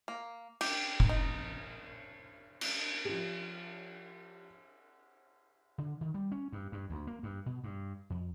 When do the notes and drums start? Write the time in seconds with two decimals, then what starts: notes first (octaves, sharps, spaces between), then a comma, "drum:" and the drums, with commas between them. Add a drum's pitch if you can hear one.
0.08 A#3
0.61 G4, drum: cymbal
1.00 drum: kick F1
1.09 D#4
2.61 drum: cymbal
3.05 F3 G4
5.78 D3
6.01 D#3
6.14 G3
6.32 C#4
6.52 G2
6.72 G2
6.90 D2
7.07 A#3
7.23 G2
7.46 B2
7.64 G2
8.10 F2